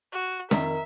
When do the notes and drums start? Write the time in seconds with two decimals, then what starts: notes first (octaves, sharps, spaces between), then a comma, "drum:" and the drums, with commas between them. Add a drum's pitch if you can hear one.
0.13 F#4
0.51 F2 D#3 A#4 E5, drum: snare